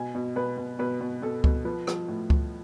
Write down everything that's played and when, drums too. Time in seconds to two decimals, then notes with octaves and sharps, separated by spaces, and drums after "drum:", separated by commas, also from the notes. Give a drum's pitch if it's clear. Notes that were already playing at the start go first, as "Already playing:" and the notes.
Already playing: B2 G#5
0.15 B2
0.36 B2 B4
0.58 B2
0.79 B2 B4
1.01 B2
1.22 B2 A4
1.44 B2, drum: kick C#2
1.65 F3 B4
1.87 F3, drum: rim click
2.08 A2
2.30 drum: kick C#2